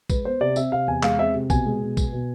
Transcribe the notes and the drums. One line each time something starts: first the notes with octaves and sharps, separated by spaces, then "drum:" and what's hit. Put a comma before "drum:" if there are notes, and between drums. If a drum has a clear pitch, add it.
G#3 B4, drum: kick, tambourine
B3 C5
C3 D5
C4 E5, drum: tambourine
C3 F5
E2 G#5
G#3 F5, drum: clap
C4 E5
C3
B2 G#5, drum: kick, tambourine
G#3
B2
B3, drum: kick, tambourine
B2